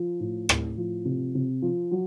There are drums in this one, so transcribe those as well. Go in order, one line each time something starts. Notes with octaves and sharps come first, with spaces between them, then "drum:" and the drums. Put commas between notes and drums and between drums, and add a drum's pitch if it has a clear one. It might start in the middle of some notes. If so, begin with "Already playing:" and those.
Already playing: F3
A2
A2, drum: rim click
F3
C3
C3
F3
F#3